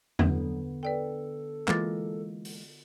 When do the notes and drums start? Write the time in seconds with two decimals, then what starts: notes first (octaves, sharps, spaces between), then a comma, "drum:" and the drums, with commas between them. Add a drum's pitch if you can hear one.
0.19 D3 F#3 B3, drum: tom E2
0.83 A4 B4 D5 G5
1.68 E3 G#3 A#3 F4 D6 A6, drum: clap
2.45 drum: open hi-hat